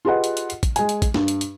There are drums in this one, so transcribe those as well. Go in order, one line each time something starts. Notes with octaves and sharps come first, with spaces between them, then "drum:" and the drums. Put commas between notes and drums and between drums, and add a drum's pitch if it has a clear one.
F4 G4 G#4 B4 D#5 F#5
drum: hi-hat
drum: hi-hat
drum: hi-hat
drum: kick, hi-hat
G#3 G#5, drum: hi-hat
drum: hi-hat
drum: kick, hi-hat
G2, drum: snare
drum: hi-hat
drum: hi-hat